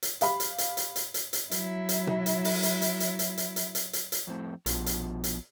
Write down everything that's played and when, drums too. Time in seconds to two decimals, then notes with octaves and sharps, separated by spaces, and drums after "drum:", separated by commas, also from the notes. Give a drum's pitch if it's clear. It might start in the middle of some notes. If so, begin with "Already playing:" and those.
0.03 drum: hi-hat
0.21 G4 F5 B5, drum: hi-hat
0.40 drum: hi-hat
0.58 drum: hi-hat
0.77 drum: hi-hat
0.96 drum: hi-hat
1.14 drum: hi-hat
1.33 drum: hi-hat
1.51 F#3 E4, drum: hi-hat
1.89 drum: hi-hat
2.07 drum: tom B2
2.26 drum: hi-hat
2.44 drum: open hi-hat
2.63 drum: hi-hat
2.82 drum: hi-hat
3.00 drum: hi-hat
3.19 drum: hi-hat
3.37 drum: hi-hat
3.56 drum: hi-hat
3.75 drum: hi-hat
3.93 drum: hi-hat
4.12 drum: hi-hat
4.27 F2 A2 C4
4.66 A#1 B2 F3, drum: hi-hat
4.86 drum: hi-hat
5.24 drum: hi-hat